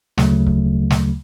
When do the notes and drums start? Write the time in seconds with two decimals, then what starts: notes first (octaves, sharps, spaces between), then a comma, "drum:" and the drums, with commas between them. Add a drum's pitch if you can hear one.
0.18 D2 C#3 F#3 A3, drum: snare
0.47 drum: kick C#1
0.90 drum: snare